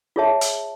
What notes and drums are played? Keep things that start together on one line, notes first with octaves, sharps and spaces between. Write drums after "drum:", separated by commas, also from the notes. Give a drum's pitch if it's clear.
F4 G#4 C#5 E5 A5
drum: hi-hat